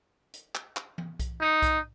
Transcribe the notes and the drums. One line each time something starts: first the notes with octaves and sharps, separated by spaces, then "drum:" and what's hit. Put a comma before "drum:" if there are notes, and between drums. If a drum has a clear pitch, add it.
drum: hi-hat
drum: clap
drum: clap
drum: tom E3
drum: kick B1, hi-hat
D#4
drum: kick B1, hi-hat